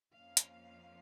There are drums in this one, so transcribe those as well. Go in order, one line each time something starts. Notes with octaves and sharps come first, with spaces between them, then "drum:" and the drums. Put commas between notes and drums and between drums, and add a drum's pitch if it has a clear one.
F2 F3 A#3 C#4 F5
drum: hi-hat